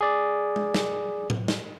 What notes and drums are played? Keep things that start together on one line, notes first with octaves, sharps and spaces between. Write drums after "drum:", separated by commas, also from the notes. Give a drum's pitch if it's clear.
G#4 D5
drum: tom G#3
drum: snare
drum: tom A2
drum: snare